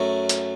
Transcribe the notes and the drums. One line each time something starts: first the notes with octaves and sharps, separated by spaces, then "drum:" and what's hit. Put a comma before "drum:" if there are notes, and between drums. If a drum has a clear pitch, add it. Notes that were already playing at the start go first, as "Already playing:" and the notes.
Already playing: F#2 F#3 A3 C#4
drum: hi-hat